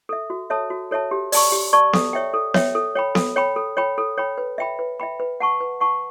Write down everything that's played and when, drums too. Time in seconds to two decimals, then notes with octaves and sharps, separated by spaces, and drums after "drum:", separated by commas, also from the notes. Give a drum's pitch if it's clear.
0.09 A4 E5
0.30 F#4
0.50 A4 C#5 E5 A5
0.70 F#4
0.91 A4 C#5 E5 A5
1.11 G4
1.32 D5 A5 C#6, drum: open hi-hat
1.52 G4
1.73 D5 A5 C#6
1.93 A4, drum: snare B3
2.13 C#5 E5 G5
2.34 A4
2.54 C#5 E5 G5, drum: snare B3
2.75 A4
2.95 C#5 G5 B5
3.15 A4, drum: snare B3
3.36 C#5 G5 B5
3.56 A4
3.77 C#5 G5 B5
3.98 A4
4.18 C#5 G5 B5
4.38 B4
4.58 E5 G5 B5
4.79 B4
5.00 E5 G5 B5
5.20 B4
5.40 F#5 A5 C#6
5.60 B4
5.81 F#5 A5 C#6